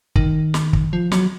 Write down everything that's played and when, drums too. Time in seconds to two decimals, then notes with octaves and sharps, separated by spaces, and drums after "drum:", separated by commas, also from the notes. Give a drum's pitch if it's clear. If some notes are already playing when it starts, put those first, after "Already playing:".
0.16 D#3, drum: kick
0.54 drum: snare
0.73 drum: kick
0.93 F3
1.12 F#3, drum: snare